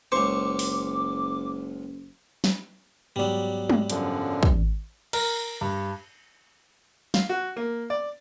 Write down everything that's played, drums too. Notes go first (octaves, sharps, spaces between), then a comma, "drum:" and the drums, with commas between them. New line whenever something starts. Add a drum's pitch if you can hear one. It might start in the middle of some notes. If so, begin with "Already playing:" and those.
F#1 C#2 C5 C#6 D6
drum: open hi-hat
drum: snare
G#2 F#3 G3 B3 D5
drum: tom
F#2 D3 F3, drum: hi-hat
drum: kick
A#4, drum: cymbal
G2
F5, drum: snare
F#4
A#3
D5